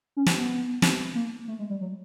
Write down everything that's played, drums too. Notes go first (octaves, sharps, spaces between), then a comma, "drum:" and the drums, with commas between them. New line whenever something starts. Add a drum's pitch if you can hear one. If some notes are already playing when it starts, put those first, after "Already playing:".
C#4
C4, drum: snare
B3
drum: snare
A#3
A3
G#3
G3
F#3